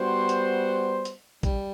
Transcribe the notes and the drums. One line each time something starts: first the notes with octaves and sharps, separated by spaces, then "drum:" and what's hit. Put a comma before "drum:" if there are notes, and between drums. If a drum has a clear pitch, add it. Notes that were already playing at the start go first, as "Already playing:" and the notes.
Already playing: G3 B3 F#4 C5
drum: hi-hat
drum: hi-hat
G3, drum: kick A#1, hi-hat